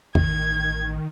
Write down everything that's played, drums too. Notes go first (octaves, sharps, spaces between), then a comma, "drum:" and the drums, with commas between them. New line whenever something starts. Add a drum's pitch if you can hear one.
A1 D#3 G#6, drum: tom